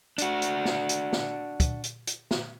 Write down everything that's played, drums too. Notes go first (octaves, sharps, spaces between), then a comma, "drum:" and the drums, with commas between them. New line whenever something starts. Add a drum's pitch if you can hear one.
D4 F#4, drum: hi-hat
drum: hi-hat
drum: snare
drum: hi-hat
drum: snare
drum: kick, hi-hat
drum: hi-hat
drum: hi-hat
drum: snare